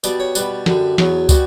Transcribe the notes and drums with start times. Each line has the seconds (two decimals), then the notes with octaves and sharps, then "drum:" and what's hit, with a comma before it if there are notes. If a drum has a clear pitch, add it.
0.04 B2 G3 D5, drum: tambourine
0.20 C#5
0.35 B2 G3 B4, drum: tambourine
0.66 F#2 D3 G3, drum: snare
0.98 E2 B2 F#3, drum: snare
1.29 B2 G3 F#4, drum: kick, tambourine